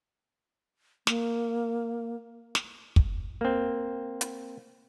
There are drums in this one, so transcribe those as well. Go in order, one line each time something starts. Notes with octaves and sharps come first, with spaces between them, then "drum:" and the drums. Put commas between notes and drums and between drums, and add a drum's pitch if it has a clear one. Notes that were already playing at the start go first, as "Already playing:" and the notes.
A#3, drum: snare
drum: snare
drum: kick
A#3 C4
drum: hi-hat